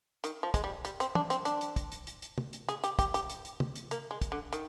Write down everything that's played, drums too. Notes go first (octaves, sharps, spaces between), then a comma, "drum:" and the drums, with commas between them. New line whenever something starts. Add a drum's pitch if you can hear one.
D#3, drum: hi-hat
F3
G#3, drum: kick, hi-hat
G3
G3, drum: hi-hat
C4, drum: hi-hat
D4, drum: tom
C4, drum: hi-hat
D4, drum: hi-hat
drum: hi-hat
drum: kick, hi-hat
drum: hi-hat
drum: hi-hat
drum: hi-hat
drum: tom
drum: hi-hat
G#4, drum: hi-hat
G4, drum: hi-hat
G4, drum: kick, hi-hat
G4, drum: hi-hat
drum: hi-hat
drum: hi-hat
drum: tom
drum: hi-hat
A#3, drum: hi-hat
G#3
drum: kick, hi-hat
D3
D#3, drum: hi-hat